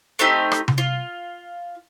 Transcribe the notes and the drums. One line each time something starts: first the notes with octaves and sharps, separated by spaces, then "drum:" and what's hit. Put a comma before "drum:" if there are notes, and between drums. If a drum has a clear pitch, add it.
A3 C4 D#4 G4
drum: rim click
drum: tom C3
F4